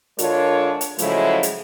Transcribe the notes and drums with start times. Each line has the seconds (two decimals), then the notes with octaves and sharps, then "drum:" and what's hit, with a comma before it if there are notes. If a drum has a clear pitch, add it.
0.19 D3 G#3 D4 F4 A#4 C#5, drum: hi-hat
0.81 drum: hi-hat
0.98 C#3 F3 F#3 G#3 A3 E4, drum: hi-hat
1.43 drum: hi-hat